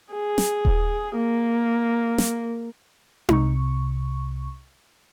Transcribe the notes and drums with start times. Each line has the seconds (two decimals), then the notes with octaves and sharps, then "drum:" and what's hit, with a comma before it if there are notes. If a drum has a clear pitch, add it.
0.13 G#4
0.38 drum: snare
0.65 drum: kick D#1
1.16 A#3
2.18 drum: snare
3.29 C2 C3 C#6, drum: tom D#4